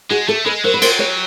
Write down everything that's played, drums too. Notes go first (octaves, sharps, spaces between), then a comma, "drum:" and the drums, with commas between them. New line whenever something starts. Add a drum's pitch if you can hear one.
G#3 F#4 G#4
A3 G4 A4
G#3 A4 B4
F#3 A#4 C5
B4
A#4 C5, drum: cymbal
B4 C#5